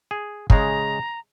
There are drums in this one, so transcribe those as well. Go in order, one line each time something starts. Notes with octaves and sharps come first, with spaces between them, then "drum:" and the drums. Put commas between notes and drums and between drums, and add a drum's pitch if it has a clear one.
G#4
C#3 G#3 A#5, drum: kick